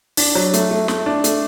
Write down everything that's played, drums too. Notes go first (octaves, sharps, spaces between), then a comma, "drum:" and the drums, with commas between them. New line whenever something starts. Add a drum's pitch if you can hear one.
D4, drum: open hi-hat
F#3
A3, drum: hi-hat
A3
A3, drum: snare
D4
A3, drum: hi-hat